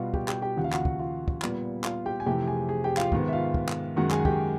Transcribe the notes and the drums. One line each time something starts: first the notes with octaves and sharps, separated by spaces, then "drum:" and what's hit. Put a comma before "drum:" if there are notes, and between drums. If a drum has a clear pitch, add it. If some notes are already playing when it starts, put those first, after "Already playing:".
Already playing: B2 G3 B3 F4 F#4 F5 F#5
G4 G5, drum: kick
G4 G5, drum: clap
G4 G5
D#2 C#3 F3 F#5
F5
F#4 F#5, drum: clap
drum: kick
F4 F5
drum: kick
A#2 G3 B3, drum: clap
F4 F5, drum: clap
G4 G5
G#5
F2 C3 E3 A3 G4 G5
G#4 G#5
G#4 G#5
G4 G5
F4 F5, drum: clap
G#2 D#3 G#3 B3, drum: kick
E5
F4 F5
drum: kick
drum: clap
F#2 D#3 G#3 F#4 F#5
G#4 G#5, drum: clap
F#5
G4 G5, drum: kick